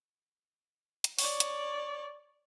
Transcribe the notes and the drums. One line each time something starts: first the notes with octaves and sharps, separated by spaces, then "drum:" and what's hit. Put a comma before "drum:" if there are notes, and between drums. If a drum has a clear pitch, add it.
drum: hi-hat
C#5 D5, drum: open hi-hat
drum: hi-hat